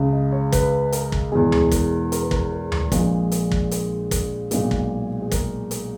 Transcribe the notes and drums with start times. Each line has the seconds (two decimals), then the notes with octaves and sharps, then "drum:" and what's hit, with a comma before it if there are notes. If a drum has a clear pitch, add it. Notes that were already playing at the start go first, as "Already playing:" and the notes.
Already playing: C#2 C#3 G#3
0.13 D#5
0.32 C#5
0.52 B4, drum: kick, hi-hat
0.92 A#4, drum: hi-hat
1.12 drum: kick
1.32 E2 B2 G#3 G#4
1.52 drum: tom D2
1.71 A#4, drum: kick, hi-hat
2.12 A#4, drum: hi-hat
2.22 B4
2.31 A#4, drum: kick
2.52 A#4
2.72 drum: tom D2
2.92 A#1 A#2 G#3 G#4, drum: kick, hi-hat
3.32 drum: hi-hat
3.51 drum: kick
3.71 drum: hi-hat
4.11 drum: kick, hi-hat
4.51 B1 A#2 G#3, drum: hi-hat
4.71 drum: kick
5.22 G#4
5.31 A#4, drum: kick, hi-hat
5.71 drum: hi-hat